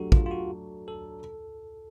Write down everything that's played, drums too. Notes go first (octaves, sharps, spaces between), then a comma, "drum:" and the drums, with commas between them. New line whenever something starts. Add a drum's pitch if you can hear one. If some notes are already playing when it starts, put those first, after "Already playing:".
Already playing: F#3 A3 D4 F#4 G4
F4, drum: kick
F4
F#4
A4